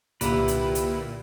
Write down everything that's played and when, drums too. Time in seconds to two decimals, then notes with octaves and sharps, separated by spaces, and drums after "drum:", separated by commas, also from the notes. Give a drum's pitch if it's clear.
0.21 C2 A#2 D3 E4 G4 B4 E5 F#5, drum: hi-hat
0.48 drum: hi-hat
0.75 drum: hi-hat